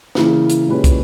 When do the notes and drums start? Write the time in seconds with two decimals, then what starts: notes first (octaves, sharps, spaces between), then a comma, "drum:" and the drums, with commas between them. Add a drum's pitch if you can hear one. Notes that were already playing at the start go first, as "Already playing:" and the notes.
0.15 C#3 E3 A#3 E4, drum: snare
0.50 drum: hi-hat
0.67 A#2 G#3 C#4 G4 B4
0.84 drum: kick, hi-hat